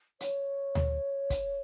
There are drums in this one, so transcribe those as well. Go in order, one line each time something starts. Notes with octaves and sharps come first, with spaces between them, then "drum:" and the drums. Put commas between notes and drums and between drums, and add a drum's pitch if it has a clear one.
C#5, drum: hi-hat
drum: tom D2
drum: kick, hi-hat